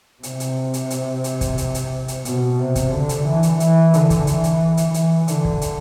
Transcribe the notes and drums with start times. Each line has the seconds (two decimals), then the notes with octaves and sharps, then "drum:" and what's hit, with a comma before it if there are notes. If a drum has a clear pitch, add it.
0.23 C3, drum: hi-hat
0.40 drum: hi-hat
0.74 drum: hi-hat
0.90 drum: hi-hat
1.24 drum: hi-hat
1.41 drum: kick, hi-hat
1.58 drum: hi-hat
1.75 drum: hi-hat
2.08 drum: hi-hat
2.25 B2, drum: hi-hat
2.59 C3
2.75 drum: kick, hi-hat
2.92 D3
3.09 drum: hi-hat
3.26 E3
3.43 drum: hi-hat
3.60 E3, drum: hi-hat
3.94 D3, drum: hi-hat
4.10 drum: kick, hi-hat
4.27 E3, drum: hi-hat
4.44 drum: hi-hat
4.77 drum: hi-hat
4.94 E3, drum: hi-hat
5.28 D3, drum: hi-hat
5.45 drum: kick
5.61 drum: hi-hat